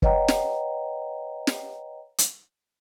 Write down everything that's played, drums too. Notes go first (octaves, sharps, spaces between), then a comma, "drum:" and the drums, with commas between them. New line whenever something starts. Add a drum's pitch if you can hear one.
B4 C#5 D#5 F#5 G5 A#5, drum: kick
drum: snare
drum: snare
drum: hi-hat